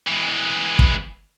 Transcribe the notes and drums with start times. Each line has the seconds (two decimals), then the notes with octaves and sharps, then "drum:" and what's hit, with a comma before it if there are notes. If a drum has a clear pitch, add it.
0.07 E3 G#3
0.79 drum: kick